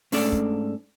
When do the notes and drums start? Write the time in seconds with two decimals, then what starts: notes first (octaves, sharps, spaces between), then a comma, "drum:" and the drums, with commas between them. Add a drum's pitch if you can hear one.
0.12 G#2 A3 C#4 D4 A4 D5, drum: open hi-hat
0.32 drum: kick